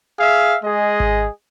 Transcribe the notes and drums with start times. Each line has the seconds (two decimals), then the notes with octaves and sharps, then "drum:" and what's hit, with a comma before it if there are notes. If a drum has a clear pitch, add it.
0.19 G#4 E5 F5
0.64 G#3 G#4 D#5
1.00 drum: kick G#1